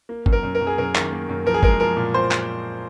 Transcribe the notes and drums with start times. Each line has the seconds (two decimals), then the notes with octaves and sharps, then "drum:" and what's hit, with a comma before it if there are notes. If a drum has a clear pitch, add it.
0.09 A#3
0.26 F#2, drum: kick
0.33 A#4
0.43 F#2
0.55 A#4
0.61 F#2
0.67 G#4
0.78 F#2 A#4
0.95 D#3, drum: clap
1.12 A#3
1.29 F#2
1.46 F3 A#4
1.54 G#4
1.63 G#3 A#4, drum: kick
1.80 F3 A#4
1.97 A#2
2.14 A#2 C5
2.31 drum: clap